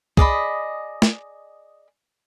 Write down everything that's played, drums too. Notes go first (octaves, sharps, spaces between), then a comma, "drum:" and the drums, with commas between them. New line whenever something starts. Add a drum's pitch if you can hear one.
G#4 D5 D#5 B5, drum: kick
drum: snare